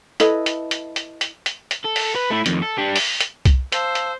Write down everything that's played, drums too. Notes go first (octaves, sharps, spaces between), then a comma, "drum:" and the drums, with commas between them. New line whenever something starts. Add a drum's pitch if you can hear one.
E4 A4 B4 D#5, drum: hi-hat
drum: hi-hat
drum: hi-hat
drum: hi-hat
drum: hi-hat
drum: hi-hat
drum: hi-hat
A4
drum: open hi-hat
B4
A3 E4
F2 D#3, drum: hi-hat
A4
G3 D4
drum: open hi-hat
drum: hi-hat
drum: kick C2, hi-hat
C5 F5 A5 E6, drum: hi-hat
drum: hi-hat